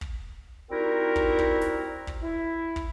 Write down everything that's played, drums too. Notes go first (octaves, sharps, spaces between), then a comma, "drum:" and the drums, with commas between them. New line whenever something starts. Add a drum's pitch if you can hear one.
drum: kick
G3 C4 D#4 E4 F#4 A#4
drum: kick
drum: kick
drum: snare
drum: kick
E4
drum: kick